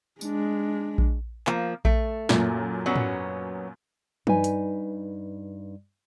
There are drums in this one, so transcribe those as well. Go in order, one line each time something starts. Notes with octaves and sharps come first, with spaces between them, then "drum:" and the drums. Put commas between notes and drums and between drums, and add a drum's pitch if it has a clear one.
G#3 D4, drum: tambourine
drum: kick A#1
F3 A#3, drum: clap
A3, drum: kick A#1
F#2 A#2, drum: snare
F#3 B3 C#4
drum: tom G#2
G2 D#4 B4 G#5, drum: tom
drum: hi-hat